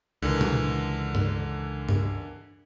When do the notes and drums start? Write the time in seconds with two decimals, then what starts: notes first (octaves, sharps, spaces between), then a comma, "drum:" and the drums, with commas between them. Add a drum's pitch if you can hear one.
0.22 C#2 D3 E3 A#4
0.41 drum: tom A#2
1.15 drum: tom G2
1.89 drum: tom G2